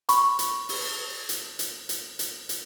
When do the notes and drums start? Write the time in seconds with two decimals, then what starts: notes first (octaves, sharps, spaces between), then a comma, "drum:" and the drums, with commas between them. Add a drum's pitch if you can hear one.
0.09 B5 C#6, drum: hi-hat
0.39 drum: hi-hat
0.69 drum: open hi-hat
1.29 drum: hi-hat
1.59 drum: hi-hat
1.89 drum: hi-hat
2.19 drum: hi-hat
2.49 drum: hi-hat